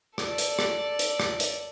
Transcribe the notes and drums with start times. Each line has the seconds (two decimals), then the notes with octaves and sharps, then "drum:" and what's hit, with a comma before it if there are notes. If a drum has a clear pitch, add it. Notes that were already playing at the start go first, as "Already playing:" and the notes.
0.18 A4 D5, drum: rim click
0.38 drum: hi-hat
0.59 drum: rim click
0.99 drum: hi-hat
1.20 drum: rim click
1.40 drum: hi-hat